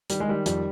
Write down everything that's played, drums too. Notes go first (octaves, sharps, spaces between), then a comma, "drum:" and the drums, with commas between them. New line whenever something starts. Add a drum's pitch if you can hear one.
D#3 G3, drum: hi-hat
G#3
D#3 G3
F2 G3, drum: hi-hat